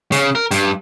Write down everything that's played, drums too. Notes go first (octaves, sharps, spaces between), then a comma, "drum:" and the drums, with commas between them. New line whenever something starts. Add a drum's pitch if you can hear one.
C#3, drum: hi-hat
A#4
G2, drum: hi-hat